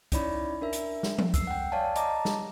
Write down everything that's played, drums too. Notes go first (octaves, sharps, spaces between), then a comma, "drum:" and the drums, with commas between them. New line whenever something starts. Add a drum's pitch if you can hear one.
C#4 D#4 E4 C#5 D5 B5, drum: kick, hi-hat
D4 A#4 E5
drum: hi-hat
drum: snare
drum: tom F3
E6 C7, drum: kick, hi-hat
F#5 G5
C#5 D5 F5 G#5 A5
D#5 A5 A#5 D6, drum: hi-hat
drum: snare